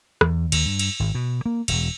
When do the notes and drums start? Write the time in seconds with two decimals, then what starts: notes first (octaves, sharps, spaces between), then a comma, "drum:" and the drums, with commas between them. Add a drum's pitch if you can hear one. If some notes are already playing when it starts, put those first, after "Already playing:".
0.21 E2, drum: rim click
0.52 D#2, drum: cymbal
0.65 G2
0.79 drum: cymbal
1.00 G#1
1.15 B2
1.46 A#3
1.68 E1, drum: cymbal